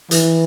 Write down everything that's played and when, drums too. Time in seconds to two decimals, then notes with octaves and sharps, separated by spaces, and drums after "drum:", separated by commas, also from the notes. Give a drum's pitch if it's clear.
0.11 E3, drum: hi-hat